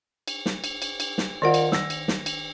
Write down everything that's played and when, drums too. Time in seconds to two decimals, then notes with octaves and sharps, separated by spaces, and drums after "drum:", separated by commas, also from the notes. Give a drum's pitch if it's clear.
0.28 drum: cymbal
0.46 drum: snare
0.64 drum: cymbal
0.82 drum: cymbal
1.00 drum: cymbal
1.18 drum: snare
1.42 D#3 F4 A#4 D5 D#5 F#5
1.54 drum: cymbal
1.72 E6 A#6, drum: snare
1.90 drum: cymbal
2.08 drum: snare
2.26 drum: cymbal